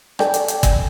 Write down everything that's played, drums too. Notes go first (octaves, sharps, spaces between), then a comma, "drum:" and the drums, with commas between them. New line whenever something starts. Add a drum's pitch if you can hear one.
A4 D5 G5 G#5, drum: rim click
drum: hi-hat
drum: hi-hat
drum: kick, hi-hat